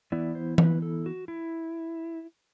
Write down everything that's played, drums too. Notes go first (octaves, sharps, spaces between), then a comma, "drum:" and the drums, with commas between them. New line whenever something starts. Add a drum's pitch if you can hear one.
E3 B3 E4 D5
C5
B4, drum: tom E3
A4
F#4
E4